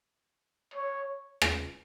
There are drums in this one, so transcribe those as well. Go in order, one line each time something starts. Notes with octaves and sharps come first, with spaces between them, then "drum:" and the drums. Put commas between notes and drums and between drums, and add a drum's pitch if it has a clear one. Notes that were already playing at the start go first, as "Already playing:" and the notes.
C#5
drum: rim click